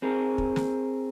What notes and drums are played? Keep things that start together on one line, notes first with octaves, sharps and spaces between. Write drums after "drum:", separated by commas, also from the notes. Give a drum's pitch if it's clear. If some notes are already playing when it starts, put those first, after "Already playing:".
C4 G#4 A#4
drum: kick
drum: snare